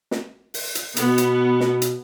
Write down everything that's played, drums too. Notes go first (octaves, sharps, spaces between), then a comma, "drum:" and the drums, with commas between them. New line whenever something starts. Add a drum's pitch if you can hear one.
drum: snare
drum: open hi-hat
drum: hi-hat
B2 B3, drum: hi-hat
drum: hi-hat
drum: snare
drum: hi-hat